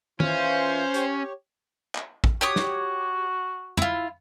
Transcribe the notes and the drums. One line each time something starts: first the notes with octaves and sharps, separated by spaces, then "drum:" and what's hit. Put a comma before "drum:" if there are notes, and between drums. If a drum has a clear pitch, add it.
E3 C#4 F4 C5, drum: tom
G4 C#5, drum: hi-hat
drum: clap
drum: kick A1
F#4 G4 C#5 D#6
drum: snare
E4 F4, drum: tom F2